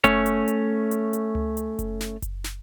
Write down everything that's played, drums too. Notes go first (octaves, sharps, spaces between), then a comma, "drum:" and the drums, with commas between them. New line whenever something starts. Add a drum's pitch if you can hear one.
A3 C#4 C#5, drum: kick F#1, hi-hat
drum: hi-hat
drum: hi-hat
drum: hi-hat
drum: hi-hat
drum: tom C#2
drum: hi-hat
drum: kick F#1, hi-hat
drum: snare
drum: kick F#1, hi-hat
drum: snare